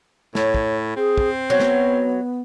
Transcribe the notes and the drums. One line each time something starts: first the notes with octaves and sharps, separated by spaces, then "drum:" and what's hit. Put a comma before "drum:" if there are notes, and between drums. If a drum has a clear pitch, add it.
A2 C#5, drum: snare
drum: kick
C4 G#4
drum: kick
F#3 B3
drum: snare